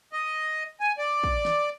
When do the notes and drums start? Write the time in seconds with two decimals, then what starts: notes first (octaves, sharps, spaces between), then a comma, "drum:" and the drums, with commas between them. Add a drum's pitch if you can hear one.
0.13 D#5
0.81 G#5
0.98 D5
1.23 drum: kick
1.45 drum: snare